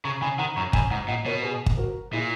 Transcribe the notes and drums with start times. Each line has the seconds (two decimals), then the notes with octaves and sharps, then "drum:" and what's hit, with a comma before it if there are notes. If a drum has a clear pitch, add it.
0.04 C#3 A#5 C#6
0.21 C#3 G#5 B5
0.38 D#3 F#5 A#5
0.56 F#2 A#5 C#6
0.73 F#2 G#5 B5, drum: kick
0.91 G#2 F#5 A#5
1.08 A#2 D#5 F#5
1.26 B2 A#4 C#5
1.43 G#4 B4
1.66 drum: kick
1.77 F#4 A#4
2.13 A#2 E4 G#4